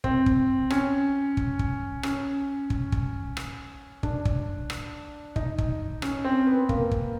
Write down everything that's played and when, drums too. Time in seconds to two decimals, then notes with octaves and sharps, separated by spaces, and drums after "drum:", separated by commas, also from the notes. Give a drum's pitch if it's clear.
0.04 C4, drum: kick
0.26 drum: kick
0.70 C#4, drum: rim click
1.37 drum: kick
1.59 drum: kick
2.03 C#4, drum: rim click
2.70 drum: kick
2.92 drum: kick
3.37 drum: rim click
4.03 D4, drum: kick
4.25 drum: kick
4.70 drum: rim click
5.36 D#4, drum: kick
5.58 drum: kick
6.02 C#4, drum: rim click
6.24 C4
6.47 B3
6.69 A#3, drum: kick
6.91 drum: kick